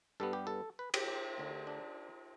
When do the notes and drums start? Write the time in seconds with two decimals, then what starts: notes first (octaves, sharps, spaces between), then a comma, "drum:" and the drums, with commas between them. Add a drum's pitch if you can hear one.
0.20 G2 G3 B3 A4
0.33 G4
0.47 A4
0.79 B4
0.94 G4, drum: cymbal
1.08 G4
1.38 D2 D3 A3
1.67 D4